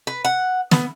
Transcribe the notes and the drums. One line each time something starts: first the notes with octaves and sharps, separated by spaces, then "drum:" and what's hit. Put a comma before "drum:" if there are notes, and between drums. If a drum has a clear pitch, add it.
B4
F#5
B3, drum: snare